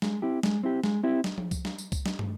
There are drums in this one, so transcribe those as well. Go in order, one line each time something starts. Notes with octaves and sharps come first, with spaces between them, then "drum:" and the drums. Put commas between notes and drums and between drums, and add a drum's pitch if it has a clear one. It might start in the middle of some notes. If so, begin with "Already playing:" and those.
G#3, drum: snare
C4 E4 G4
G#3, drum: snare
C4 E4 G4
G#3, drum: snare
C4 E4 G4
drum: snare
drum: tom F3
drum: kick C2, tambourine
drum: snare
drum: tambourine
drum: kick C2, tambourine
drum: snare
drum: tom